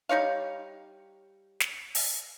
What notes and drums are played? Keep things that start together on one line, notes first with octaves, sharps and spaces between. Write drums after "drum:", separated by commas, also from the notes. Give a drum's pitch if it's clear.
G3 D#4 C#5 F5
drum: snare
drum: open hi-hat